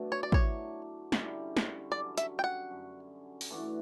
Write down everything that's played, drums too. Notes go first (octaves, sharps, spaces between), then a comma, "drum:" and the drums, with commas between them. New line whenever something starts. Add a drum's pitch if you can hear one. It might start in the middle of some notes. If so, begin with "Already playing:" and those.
Already playing: B2 F#3 A3 D4
C#5
D5
A2 F#3 A3 D4 C#5, drum: kick
D3 G3 C#4 E4, drum: snare
drum: snare
D3 F#3 C#4 D5
E5, drum: hi-hat
G5
F#5
F#2 D3 F#3 C#4
drum: open hi-hat
E3 A3 D4 F#4